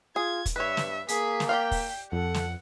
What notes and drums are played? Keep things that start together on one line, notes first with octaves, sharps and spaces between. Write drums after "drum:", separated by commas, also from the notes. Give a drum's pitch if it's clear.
F4 G#4 G#6
drum: kick, hi-hat
G2 B4 C#5 E5
drum: snare
A#3 G#4 B6, drum: hi-hat
drum: snare
G4 D5 F5 G5
drum: kick, open hi-hat
F2 A4 F#5
drum: snare